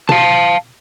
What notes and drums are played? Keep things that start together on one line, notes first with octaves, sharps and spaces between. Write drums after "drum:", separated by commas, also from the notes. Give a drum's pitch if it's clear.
F5 A5, drum: tom B2